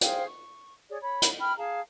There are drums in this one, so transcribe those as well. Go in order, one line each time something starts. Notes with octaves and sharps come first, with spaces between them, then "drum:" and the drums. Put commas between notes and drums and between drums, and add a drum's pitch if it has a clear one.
G#4 C5 F5 G5, drum: hi-hat
C#6
G#4 C#5 D5
C#5 B5
drum: hi-hat
G5 B5 F6
G#4 F5 A5 A#5